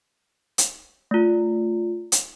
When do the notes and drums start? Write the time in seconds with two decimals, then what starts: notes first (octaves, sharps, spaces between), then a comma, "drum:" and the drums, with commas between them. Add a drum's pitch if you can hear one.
0.58 drum: hi-hat
1.11 A3 F4
2.12 drum: hi-hat